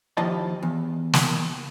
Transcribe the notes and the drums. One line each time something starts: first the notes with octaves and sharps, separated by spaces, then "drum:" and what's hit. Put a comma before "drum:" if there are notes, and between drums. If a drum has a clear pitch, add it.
D#2 F3 E4 D#5 A5
E2
drum: snare